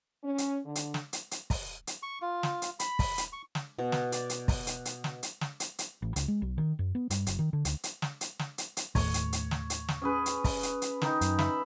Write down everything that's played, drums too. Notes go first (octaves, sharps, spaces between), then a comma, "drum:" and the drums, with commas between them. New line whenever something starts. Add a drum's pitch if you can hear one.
C#4
drum: hi-hat
D3
drum: hi-hat
drum: snare
drum: hi-hat
drum: hi-hat
drum: kick, open hi-hat
drum: hi-hat
C#6
F4
drum: snare
drum: hi-hat
B5, drum: hi-hat
drum: kick, open hi-hat
drum: hi-hat
C#6
drum: snare
B2
drum: snare
D5, drum: hi-hat
drum: hi-hat
drum: kick, open hi-hat
drum: hi-hat
drum: hi-hat
drum: snare
drum: hi-hat
drum: snare
drum: hi-hat
drum: hi-hat
A1
C#2, drum: hi-hat
G#3
B1
D#3
F#2
B3
G2, drum: hi-hat
F#1, drum: hi-hat
D#3
D3
D2, drum: hi-hat
drum: hi-hat
drum: snare
drum: hi-hat
drum: snare
drum: hi-hat
drum: hi-hat
D#2 A2 A3 C#5, drum: kick, open hi-hat
drum: hi-hat
drum: hi-hat
drum: snare
drum: hi-hat
drum: snare
C#4 G#4 B4
drum: hi-hat
drum: kick, open hi-hat
drum: hi-hat
drum: hi-hat
D#3 D#4, drum: snare
F#2, drum: hi-hat
E5 B5, drum: snare